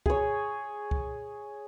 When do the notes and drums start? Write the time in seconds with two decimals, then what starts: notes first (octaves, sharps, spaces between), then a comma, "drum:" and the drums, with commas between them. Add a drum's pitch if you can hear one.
0.06 G#4 C#5, drum: kick C2
0.91 drum: kick C2